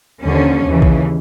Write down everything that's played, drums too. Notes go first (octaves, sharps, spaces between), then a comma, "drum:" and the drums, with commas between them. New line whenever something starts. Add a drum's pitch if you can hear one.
D#2 D3 F3 C#4
D#2 C#3 E3
drum: kick B1